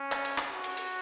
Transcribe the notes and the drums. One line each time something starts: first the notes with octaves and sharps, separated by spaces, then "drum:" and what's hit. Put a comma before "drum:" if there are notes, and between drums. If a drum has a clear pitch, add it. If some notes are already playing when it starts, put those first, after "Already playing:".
Already playing: C#4
drum: clap
drum: cymbal
drum: clap
F#4
drum: cymbal
drum: cymbal